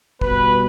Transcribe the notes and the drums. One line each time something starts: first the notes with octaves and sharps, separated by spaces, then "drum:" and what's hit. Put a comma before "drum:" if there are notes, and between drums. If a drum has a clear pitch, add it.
B2 G3 B3 B4, drum: kick